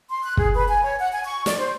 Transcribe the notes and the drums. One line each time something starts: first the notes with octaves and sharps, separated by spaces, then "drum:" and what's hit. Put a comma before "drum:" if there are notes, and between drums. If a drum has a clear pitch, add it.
C6
F#6
G#4, drum: kick
B4
G#5
C#5
F#5
G#5
C#6
D5, drum: snare
C5